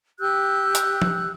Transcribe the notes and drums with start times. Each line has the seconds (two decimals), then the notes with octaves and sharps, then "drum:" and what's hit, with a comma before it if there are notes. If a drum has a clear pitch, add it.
0.19 G4 E6 F#6 G6
0.75 drum: hi-hat
1.02 drum: tom